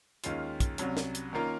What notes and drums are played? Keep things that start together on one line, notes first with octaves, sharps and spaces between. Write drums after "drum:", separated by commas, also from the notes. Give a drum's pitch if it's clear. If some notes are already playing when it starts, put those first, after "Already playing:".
D#2 D#3 G#3 C#4 F4, drum: hi-hat
drum: kick, hi-hat
C2 C3 F#3 C#4, drum: hi-hat
drum: snare
drum: hi-hat
D#3 A#3 C#4 F4 A#4